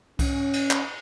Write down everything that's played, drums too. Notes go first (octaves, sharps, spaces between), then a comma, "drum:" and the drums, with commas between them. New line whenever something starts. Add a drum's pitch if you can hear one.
C#4, drum: kick C2, cymbal
drum: cymbal
drum: clap